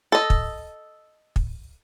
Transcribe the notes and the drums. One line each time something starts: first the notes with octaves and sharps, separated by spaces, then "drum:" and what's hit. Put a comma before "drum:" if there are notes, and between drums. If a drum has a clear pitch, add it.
A4 D#5
drum: kick
drum: kick